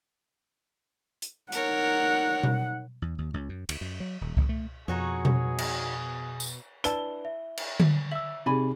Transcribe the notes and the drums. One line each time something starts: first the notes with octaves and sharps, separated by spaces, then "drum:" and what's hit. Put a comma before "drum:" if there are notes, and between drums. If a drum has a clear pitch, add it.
drum: hi-hat
D#4 A#4 C#5 F#5, drum: hi-hat
drum: tom B2
E2
D#2
C#2
F#2
D2, drum: cymbal
F#2
F#3
D#1
F#1, drum: kick C2
A3
F2 B2 D#4 F#4 G#4 C#5
drum: tom B2
drum: cymbal
drum: tambourine
D4 E4 B4 D5 A5 G7, drum: hi-hat
E5
drum: cymbal
drum: tom D3
E5 E6 F#7
C3 D#4 G#4 D5 G#5 B5